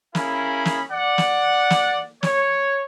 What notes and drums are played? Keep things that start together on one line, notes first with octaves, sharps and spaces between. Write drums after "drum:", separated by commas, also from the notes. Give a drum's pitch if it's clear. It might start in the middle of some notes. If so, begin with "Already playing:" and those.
C#4 E4 G#4 A#4 F5 B5, drum: snare
drum: snare
D5 F#5
drum: snare
drum: snare
C#5, drum: snare